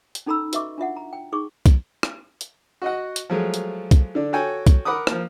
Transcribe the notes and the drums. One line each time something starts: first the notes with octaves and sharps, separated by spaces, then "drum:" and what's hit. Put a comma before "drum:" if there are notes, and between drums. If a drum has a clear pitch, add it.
drum: hi-hat
C#4 D#4 A4 A#5 B5 E6
F#4 B4 D#5 E5 C#6 D6, drum: hi-hat
D4 F4 E5 F#5
A#5
G5
D#4 G#4 C#6 D6
drum: kick, hi-hat
drum: rim click
drum: hi-hat
F#4 D#5 F#5
drum: hi-hat
F3 F#3 G#3 A3
drum: hi-hat
drum: kick, hi-hat
D3 D4
F#4 A4 C#5 G5 G#5
drum: kick, hi-hat
A#4 F#5 B5 D6 D#6
F3 A#3, drum: rim click